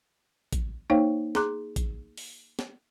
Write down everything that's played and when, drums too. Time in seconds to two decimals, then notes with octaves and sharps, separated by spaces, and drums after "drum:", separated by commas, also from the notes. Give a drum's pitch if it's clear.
0.53 drum: kick, hi-hat
0.90 A#3 D#4 C5 C#5 F5 G5
1.35 G#4 A#5 C6 D6 F#6, drum: snare
1.76 drum: kick, hi-hat
2.17 drum: open hi-hat
2.59 drum: snare